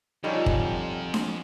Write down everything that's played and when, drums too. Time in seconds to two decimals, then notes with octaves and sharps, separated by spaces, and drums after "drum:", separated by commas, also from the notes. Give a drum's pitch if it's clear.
0.24 F2 G3 D#4 F4 A4 C#5 F#5 G#5
0.46 drum: kick
1.14 drum: snare D4